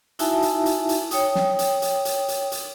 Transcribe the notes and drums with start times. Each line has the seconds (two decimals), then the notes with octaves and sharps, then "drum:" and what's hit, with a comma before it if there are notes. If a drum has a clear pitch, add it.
0.19 D#4 E4 F#4 E5 G#5 A5, drum: hi-hat
0.42 drum: hi-hat
0.66 drum: hi-hat
0.89 drum: hi-hat
1.11 C#5 G5 D#6, drum: hi-hat
1.35 drum: snare
1.59 drum: hi-hat
1.82 drum: hi-hat
2.05 drum: hi-hat
2.28 drum: hi-hat
2.52 drum: hi-hat